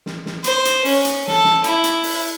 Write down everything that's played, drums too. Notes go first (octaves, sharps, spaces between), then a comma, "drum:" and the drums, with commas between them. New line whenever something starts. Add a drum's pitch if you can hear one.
drum: snare
drum: snare
C5, drum: hi-hat
drum: hi-hat
C#4, drum: open hi-hat
drum: hi-hat
A4, drum: snare
drum: snare
E4, drum: hi-hat
drum: hi-hat
drum: open hi-hat